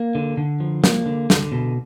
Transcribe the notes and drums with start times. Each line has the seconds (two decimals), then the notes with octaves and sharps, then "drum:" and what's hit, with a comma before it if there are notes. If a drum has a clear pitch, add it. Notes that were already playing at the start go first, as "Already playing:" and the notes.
Already playing: A#3
0.15 D3
0.37 D3
0.60 F3
0.84 A#3, drum: snare
1.06 D3
1.30 D3, drum: snare
1.52 B2